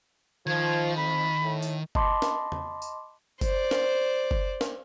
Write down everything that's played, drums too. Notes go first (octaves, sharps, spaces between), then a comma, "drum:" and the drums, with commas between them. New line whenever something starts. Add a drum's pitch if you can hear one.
D#3 F3 G#6
F2 B5
A2
drum: tambourine
D#5 A5 B5 C6 D6, drum: kick F#1
drum: snare
drum: tom E2
drum: tambourine
C5 D5, drum: kick F#1, tambourine
drum: snare
drum: kick F#1
drum: snare